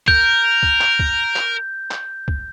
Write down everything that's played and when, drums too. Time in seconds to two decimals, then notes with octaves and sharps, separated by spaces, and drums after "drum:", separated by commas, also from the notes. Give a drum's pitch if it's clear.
0.08 A#4 G6, drum: kick
0.63 drum: kick
0.81 drum: clap
0.99 drum: kick
1.36 drum: clap
1.91 drum: clap
2.28 drum: kick